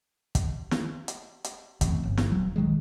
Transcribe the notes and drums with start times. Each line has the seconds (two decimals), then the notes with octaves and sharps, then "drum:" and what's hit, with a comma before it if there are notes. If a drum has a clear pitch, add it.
0.35 drum: kick, hi-hat
0.71 drum: snare
1.08 drum: hi-hat
1.44 drum: hi-hat
1.81 A1 F2, drum: kick, hi-hat
2.04 G1
2.18 drum: snare
2.32 D#1 F#3
2.56 A#1 D#3 F#3 G#3